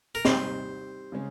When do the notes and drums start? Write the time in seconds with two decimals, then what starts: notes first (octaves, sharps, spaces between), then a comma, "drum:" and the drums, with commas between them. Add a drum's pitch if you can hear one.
0.15 A#4
0.25 G3 C4 D#4 C5, drum: snare
1.12 C#3 G#3 C#4